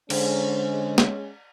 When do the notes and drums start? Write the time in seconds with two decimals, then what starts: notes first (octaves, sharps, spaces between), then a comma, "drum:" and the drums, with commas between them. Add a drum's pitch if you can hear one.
0.10 D3 G#3 C#4 C5, drum: cymbal
0.98 drum: snare